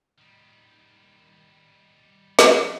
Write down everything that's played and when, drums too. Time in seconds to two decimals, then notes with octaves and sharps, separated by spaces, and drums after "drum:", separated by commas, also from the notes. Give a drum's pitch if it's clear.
0.18 D#3 G3
2.39 F3, drum: snare